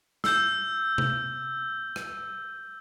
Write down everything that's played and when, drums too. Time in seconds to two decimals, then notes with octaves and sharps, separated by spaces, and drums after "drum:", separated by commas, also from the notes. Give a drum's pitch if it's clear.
0.24 E6 G6, drum: snare
0.98 drum: tom C3
1.96 drum: rim click